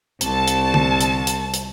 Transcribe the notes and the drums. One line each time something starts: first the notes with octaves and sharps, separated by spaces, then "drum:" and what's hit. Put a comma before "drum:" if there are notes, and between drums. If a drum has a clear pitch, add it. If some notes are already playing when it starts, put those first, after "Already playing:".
C2 A5, drum: hi-hat
drum: hi-hat
drum: tom D3
drum: hi-hat
drum: hi-hat
drum: hi-hat